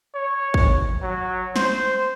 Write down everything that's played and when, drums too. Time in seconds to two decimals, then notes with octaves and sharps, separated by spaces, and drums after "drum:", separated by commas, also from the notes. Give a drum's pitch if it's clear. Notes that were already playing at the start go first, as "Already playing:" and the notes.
0.15 C#5
0.54 drum: kick
1.02 F#3
1.56 C5, drum: snare